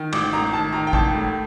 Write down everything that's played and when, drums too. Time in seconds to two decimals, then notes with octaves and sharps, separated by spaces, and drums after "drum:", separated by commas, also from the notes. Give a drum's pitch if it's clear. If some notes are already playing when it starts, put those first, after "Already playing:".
Already playing: D#3
0.13 A1 D6, drum: cymbal
0.33 A1 A#5
0.53 D#3 A5
0.73 D#3 A#5
0.87 G5
0.93 A1 A5, drum: kick
1.14 A2